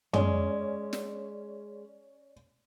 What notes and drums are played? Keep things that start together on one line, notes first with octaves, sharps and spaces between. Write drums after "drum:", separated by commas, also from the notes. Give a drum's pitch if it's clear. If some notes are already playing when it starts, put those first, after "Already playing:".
G#3 C#4 D5, drum: tom
drum: snare